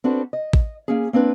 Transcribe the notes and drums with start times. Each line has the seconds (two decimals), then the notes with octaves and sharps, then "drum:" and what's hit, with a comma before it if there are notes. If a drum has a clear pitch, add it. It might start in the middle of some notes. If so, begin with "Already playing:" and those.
0.04 C4 D4 F#4 A4 B4
0.33 D#5
0.53 drum: kick
0.88 A#3 C#4 G#4
1.13 A#3 C4 D4 B4